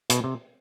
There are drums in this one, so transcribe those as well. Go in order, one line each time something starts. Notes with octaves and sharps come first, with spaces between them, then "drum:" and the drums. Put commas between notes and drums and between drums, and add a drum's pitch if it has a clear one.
B2, drum: hi-hat
C3